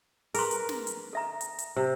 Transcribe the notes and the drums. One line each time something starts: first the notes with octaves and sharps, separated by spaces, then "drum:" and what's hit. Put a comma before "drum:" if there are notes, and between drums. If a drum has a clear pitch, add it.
G#4 A#4 B4 A#5 C6, drum: open hi-hat
drum: hi-hat
drum: snare
drum: hi-hat
A4 E5 A#5
drum: hi-hat
drum: hi-hat
C3